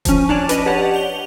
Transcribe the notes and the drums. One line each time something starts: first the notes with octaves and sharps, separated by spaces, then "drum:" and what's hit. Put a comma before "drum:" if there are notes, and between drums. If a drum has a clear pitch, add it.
F3 C#4, drum: kick E1, hi-hat
D4 C#5 D5 A5 D6
B4 D#5 D#7, drum: hi-hat
G4 C#5 D5 F#5 A5 F7
F7 G7